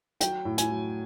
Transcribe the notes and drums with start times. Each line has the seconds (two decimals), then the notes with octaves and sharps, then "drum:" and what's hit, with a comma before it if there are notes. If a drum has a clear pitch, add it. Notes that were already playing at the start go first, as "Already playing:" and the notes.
0.21 F#3 G5, drum: hi-hat
0.45 A2
0.58 G#5, drum: hi-hat
0.71 F#3